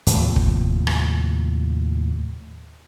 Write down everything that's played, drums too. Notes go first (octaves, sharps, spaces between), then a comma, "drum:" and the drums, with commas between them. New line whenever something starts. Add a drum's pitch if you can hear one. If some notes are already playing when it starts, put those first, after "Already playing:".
D#2 A2 C3 F3, drum: hi-hat
drum: kick
drum: rim click